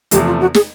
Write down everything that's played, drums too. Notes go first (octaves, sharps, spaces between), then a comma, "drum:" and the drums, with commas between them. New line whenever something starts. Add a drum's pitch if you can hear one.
E2 C3 F3 A3 G4, drum: hi-hat
F4
F#4
G#4, drum: snare